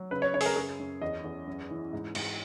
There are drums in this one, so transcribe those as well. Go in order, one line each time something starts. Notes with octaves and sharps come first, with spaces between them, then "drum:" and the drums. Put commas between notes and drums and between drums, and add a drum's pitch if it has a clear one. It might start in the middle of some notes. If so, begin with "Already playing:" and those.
Already playing: F#3
C#3 B4
C#5
C#3 C#5
G#4, drum: open hi-hat
A#4
F#2 G#4
F#2
E2 D#5
E2
F#2
E3
G#2
G#2, drum: cymbal